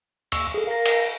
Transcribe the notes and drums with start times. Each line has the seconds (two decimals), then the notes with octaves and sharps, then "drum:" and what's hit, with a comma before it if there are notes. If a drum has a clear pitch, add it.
0.32 D#2 C#6 E6, drum: cymbal
0.54 G#4 A4
0.67 A#4 F5 A#6
0.86 drum: cymbal